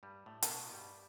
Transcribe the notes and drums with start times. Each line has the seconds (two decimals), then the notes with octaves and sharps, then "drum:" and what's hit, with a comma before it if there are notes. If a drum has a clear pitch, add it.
0.03 G2 G3
0.26 A2 A3
0.42 A3, drum: hi-hat
0.48 B2 B3
0.72 G2 G3